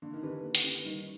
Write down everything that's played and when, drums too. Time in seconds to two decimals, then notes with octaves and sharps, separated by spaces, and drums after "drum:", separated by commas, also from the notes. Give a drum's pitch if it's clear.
0.02 D3 A#3
0.13 D#3
0.22 D3 C#4 E4 G4 B4
0.43 A#3
0.55 drum: hi-hat
0.64 C#4 E4 G4 B4
0.85 D#3 G3